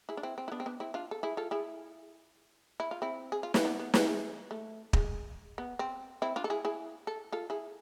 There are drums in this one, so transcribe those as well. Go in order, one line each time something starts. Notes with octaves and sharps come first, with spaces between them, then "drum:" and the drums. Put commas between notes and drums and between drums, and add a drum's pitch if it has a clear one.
E4 G#4
D4
C4 E4
C4
E4
B3 D4
C4
B3 D4
C4 E4
D4 F4
A4
E4 G#4
F4 A4
E4 G#4
E4
F4
C4 E4
G#4
F4
E4, drum: snare
B3 D4
B3
G#3, drum: snare
G#3
A3
G#3, drum: kick
B3
C4
C4 E4
D4 F4
A4
E4 G#4
E4 G#4
A4
F4 A4
E4 G#4